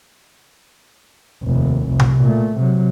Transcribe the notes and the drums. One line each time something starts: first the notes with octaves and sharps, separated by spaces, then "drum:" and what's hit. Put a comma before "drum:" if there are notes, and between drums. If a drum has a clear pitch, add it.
F1 D#2
F1 C2
drum: tom C3
A#2 A3
C3 F#3